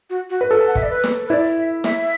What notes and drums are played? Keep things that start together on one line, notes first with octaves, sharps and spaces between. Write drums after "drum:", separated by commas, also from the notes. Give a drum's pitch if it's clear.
F#4
F#4
B4
F#4 A4
A5
F#5
E5, drum: kick
D5
B4
drum: snare
B4
E4 D5
E5
E5, drum: snare